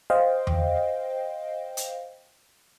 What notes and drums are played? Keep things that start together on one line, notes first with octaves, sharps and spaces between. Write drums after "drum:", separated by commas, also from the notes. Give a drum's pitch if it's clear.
C5 D#5 F5 G5
drum: tom E2
drum: hi-hat